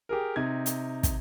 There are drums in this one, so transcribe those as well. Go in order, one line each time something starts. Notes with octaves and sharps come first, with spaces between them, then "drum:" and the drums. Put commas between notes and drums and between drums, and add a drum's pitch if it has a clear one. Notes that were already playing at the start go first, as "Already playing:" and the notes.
G4 G#4 A#4
C3 D#4 G#6
drum: hi-hat
drum: kick, hi-hat